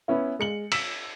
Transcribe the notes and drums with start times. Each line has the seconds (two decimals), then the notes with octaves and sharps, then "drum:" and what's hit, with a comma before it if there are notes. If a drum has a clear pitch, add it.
0.08 B3 C#4 E4
0.39 G#3 C#7 F#7
0.72 E6 B6 E7, drum: cymbal